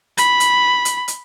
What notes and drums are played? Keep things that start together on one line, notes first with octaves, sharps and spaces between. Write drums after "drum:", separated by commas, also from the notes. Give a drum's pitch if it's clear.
B5, drum: hi-hat
drum: hi-hat
drum: hi-hat
drum: hi-hat